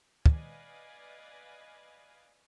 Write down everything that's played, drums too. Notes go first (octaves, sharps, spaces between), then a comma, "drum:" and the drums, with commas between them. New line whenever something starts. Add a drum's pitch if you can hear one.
B4 D5 D#5 F5 G#5, drum: kick